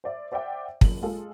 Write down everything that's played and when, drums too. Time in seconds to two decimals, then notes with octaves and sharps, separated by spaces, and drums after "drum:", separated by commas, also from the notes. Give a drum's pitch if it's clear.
0.04 C5 D5 E5
0.32 C5 D5 E5 F#5 G5 D6
0.81 F#1 F#2 A#2 F#7, drum: kick
1.03 G#3 F4 G#4 A4